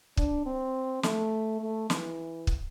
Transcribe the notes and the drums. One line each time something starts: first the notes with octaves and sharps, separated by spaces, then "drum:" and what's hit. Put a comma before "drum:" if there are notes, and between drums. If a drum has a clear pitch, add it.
D4, drum: kick
C4
A3, drum: snare
A3
E3, drum: snare
drum: kick